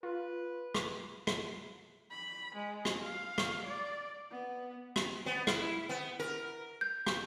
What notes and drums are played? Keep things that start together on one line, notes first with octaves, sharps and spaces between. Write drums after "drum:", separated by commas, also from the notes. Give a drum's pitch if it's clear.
F4 B4
drum: rim click
drum: rim click
B5
G#3
drum: rim click
F5
drum: rim click
D5
B3
drum: rim click
B3
E4, drum: rim click
B3
A#4
G6
drum: rim click